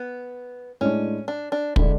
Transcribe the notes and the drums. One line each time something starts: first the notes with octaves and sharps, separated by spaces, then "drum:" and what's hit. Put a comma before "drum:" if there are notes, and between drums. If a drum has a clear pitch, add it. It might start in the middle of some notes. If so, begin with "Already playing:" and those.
Already playing: B3
A2 G#3 C#4 D4
D4
D4
D3 G#3 D4 E4, drum: kick